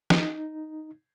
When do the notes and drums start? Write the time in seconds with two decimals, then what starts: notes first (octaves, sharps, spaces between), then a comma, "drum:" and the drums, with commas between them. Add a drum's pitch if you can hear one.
0.10 D#4, drum: snare